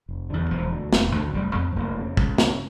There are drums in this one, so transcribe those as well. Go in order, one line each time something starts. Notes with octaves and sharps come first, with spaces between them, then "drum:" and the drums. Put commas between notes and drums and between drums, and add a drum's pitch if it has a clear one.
F1
E2 D3
E1 F3
D2 D3
E1 A3, drum: snare
D2 D3 A3
F1 G3
F2 C#3 A3
F1 A#3
F2 C#3
C#2, drum: kick
C#3, drum: snare